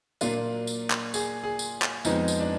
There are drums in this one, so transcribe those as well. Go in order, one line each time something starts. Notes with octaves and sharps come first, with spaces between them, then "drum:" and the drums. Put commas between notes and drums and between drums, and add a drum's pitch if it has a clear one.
A#2 F#3 A#3 D4 F4, drum: tambourine
drum: tambourine
drum: clap
G#4, drum: tambourine
G#4
drum: tambourine
drum: clap
F2 F3 G#3 B3 D#4, drum: tambourine
drum: tambourine
D4